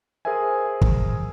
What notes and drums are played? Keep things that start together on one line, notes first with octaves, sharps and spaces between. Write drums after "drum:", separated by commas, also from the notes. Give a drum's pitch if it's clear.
G#4 A#4 C5 E5 G#5
drum: kick